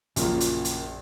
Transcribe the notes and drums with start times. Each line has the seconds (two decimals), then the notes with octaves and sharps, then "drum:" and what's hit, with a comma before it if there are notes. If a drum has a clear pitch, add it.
0.16 A#1 F#2 A#2 C#3 F3 A#3, drum: hi-hat
0.40 drum: hi-hat
0.65 drum: hi-hat